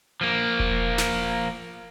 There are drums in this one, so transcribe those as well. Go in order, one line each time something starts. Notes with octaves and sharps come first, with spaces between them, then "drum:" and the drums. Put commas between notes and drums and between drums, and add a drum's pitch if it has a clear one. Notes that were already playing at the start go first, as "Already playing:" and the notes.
F3 A#3
drum: kick E1
drum: snare